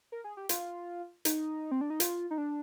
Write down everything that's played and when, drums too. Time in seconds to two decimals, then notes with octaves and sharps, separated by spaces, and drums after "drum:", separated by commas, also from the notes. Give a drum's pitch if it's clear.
0.12 A#4
0.24 G#4
0.37 G4
0.49 F4, drum: hi-hat
1.25 D#4, drum: hi-hat
1.71 C4
1.81 D4
1.90 D#4
2.00 F4, drum: hi-hat
2.31 D#4
2.38 D4